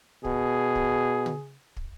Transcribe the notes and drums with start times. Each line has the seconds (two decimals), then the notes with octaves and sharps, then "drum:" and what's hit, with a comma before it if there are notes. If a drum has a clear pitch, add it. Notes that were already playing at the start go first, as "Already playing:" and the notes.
0.25 B2 G#4, drum: kick
0.75 drum: kick
1.26 drum: tom
1.77 drum: kick